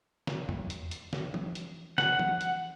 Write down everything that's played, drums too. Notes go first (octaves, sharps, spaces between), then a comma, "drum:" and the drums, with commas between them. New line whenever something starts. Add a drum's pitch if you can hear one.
drum: snare
drum: tom E2
drum: hi-hat
drum: hi-hat
drum: snare
drum: tom E3
drum: hi-hat
F#5, drum: snare
drum: tom E3
drum: hi-hat